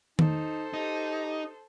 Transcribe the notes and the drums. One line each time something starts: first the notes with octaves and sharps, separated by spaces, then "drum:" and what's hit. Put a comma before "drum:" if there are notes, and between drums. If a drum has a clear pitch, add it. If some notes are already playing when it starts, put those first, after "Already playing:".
D#4 A4 C5, drum: tom D#3
D#4 G4